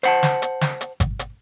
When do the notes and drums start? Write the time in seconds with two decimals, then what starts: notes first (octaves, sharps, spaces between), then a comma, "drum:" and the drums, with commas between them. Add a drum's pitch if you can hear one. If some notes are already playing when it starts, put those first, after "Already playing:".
0.03 C5 F#5 A5, drum: hi-hat
0.23 drum: snare
0.42 drum: hi-hat
0.61 drum: snare
0.81 drum: hi-hat
1.00 drum: kick G#1, hi-hat
1.19 drum: hi-hat